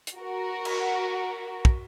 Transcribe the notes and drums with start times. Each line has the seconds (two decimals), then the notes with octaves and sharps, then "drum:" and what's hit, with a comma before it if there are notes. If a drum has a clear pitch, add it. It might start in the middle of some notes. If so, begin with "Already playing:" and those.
0.07 drum: hi-hat
0.17 F#4 A#4
0.65 drum: cymbal
1.65 drum: kick